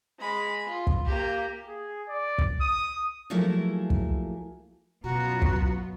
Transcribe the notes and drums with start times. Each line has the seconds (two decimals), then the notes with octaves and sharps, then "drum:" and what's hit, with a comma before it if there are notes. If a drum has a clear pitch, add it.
0.19 G#3 B5
0.69 F4
0.87 drum: kick
1.06 A#3 G4
1.67 G#4
2.09 D5
2.38 drum: kick
2.61 D#6
3.30 F3 F#3 A3 A#3 E4 G#4
3.90 drum: kick
5.04 F#2 B2 B3 F4 F#4 A#5
5.42 drum: kick